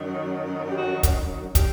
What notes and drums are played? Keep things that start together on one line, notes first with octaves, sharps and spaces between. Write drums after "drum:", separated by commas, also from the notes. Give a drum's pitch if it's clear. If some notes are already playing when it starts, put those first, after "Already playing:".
Already playing: F#2 D#3 F#3
G4
F#4
drum: kick, hi-hat
G4, drum: kick, hi-hat